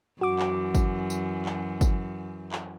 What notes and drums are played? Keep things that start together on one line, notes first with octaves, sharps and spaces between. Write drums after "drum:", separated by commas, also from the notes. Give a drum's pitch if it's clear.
F#2 E3 F#4 D6
drum: clap
drum: kick, tambourine
drum: tambourine
drum: clap
drum: kick, tambourine
drum: clap